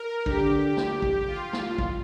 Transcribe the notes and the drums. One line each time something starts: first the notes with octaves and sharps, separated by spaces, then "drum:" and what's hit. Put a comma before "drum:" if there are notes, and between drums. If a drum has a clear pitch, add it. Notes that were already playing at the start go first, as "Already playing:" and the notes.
Already playing: A#4
D3 G4, drum: kick
drum: snare
drum: kick
F4
drum: snare
drum: kick